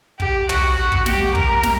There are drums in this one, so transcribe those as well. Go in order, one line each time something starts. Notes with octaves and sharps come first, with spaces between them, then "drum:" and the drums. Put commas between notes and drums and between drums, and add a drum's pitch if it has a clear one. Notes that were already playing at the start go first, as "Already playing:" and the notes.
G4, drum: kick
F#4, drum: tom
F#4
drum: kick
G4, drum: snare
A#4, drum: kick
drum: snare